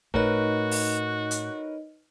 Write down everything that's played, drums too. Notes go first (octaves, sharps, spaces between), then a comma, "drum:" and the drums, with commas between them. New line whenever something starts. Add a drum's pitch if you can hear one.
A2 A3 D#4 F#4 A#4 B4 C#5 D#5, drum: kick
drum: open hi-hat
drum: hi-hat